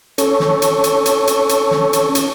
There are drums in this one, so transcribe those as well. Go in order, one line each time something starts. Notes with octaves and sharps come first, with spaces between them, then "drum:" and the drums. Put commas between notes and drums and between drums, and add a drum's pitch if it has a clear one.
C#4 A4 C#5, drum: hi-hat
drum: snare
drum: hi-hat
drum: hi-hat
drum: hi-hat
drum: hi-hat
drum: hi-hat
drum: snare
drum: hi-hat
drum: hi-hat